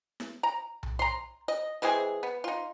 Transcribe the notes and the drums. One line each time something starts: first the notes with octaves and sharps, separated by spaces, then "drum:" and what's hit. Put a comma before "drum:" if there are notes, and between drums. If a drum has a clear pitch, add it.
drum: snare E4
A#5
drum: tom B1
A#5 C6
D#5
E3 G#3 C4 G#4
B3
D#4 F4